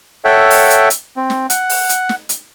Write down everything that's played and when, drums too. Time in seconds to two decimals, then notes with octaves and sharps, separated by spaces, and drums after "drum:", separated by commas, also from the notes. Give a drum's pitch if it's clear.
0.25 A4 C#5 E5 F#5 G5
0.50 drum: open hi-hat
0.70 drum: hi-hat
0.90 drum: hi-hat
1.17 C4
1.30 drum: snare
1.50 F#5, drum: hi-hat
1.70 drum: open hi-hat
1.89 drum: hi-hat
2.09 drum: snare
2.29 drum: hi-hat